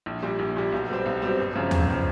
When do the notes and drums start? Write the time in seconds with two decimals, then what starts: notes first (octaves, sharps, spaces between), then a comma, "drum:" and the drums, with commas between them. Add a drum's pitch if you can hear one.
0.06 A#1
0.23 A#2 G3
0.39 A#1
0.56 A#2 G3
0.72 B1
0.89 B2 G3 C4
1.06 B1
1.22 B2 G3 C4
1.39 G1
1.55 F#2 C#3 F3
1.71 G1, drum: tom D#2
1.89 C#3 F3